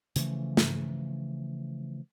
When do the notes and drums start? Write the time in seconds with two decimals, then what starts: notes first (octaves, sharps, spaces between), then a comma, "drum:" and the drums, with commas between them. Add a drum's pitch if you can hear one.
0.16 C#3 E3 F3 A3, drum: hi-hat
0.57 drum: snare